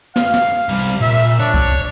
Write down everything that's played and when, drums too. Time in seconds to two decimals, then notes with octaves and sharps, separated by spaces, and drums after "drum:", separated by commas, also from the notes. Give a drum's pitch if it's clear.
0.16 F5, drum: snare
0.34 drum: snare
0.69 C2 G3
1.01 A#2 E5
1.39 D4 C#5
1.54 drum: kick C2